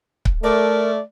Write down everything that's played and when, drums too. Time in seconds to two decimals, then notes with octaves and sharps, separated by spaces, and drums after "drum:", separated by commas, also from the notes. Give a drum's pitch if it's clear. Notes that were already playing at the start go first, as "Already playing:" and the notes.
0.25 drum: kick C#1
0.43 A3 A#4 D5